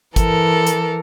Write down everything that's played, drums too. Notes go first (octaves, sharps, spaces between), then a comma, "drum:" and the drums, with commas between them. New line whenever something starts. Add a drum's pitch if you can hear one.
E3 A4 A#4, drum: kick, hi-hat
drum: hi-hat